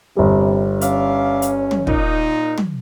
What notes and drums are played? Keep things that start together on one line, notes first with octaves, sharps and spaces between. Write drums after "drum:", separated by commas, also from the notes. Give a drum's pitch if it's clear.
G1 C3 G3
C#4 D5 E5 F5, drum: hi-hat
drum: hi-hat
drum: tom
A#2 D#4, drum: kick
drum: tom